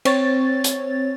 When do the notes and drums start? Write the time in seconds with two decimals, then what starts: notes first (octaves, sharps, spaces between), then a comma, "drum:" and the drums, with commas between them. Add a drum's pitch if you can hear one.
0.05 C4 C#5 A6, drum: cymbal
0.64 drum: hi-hat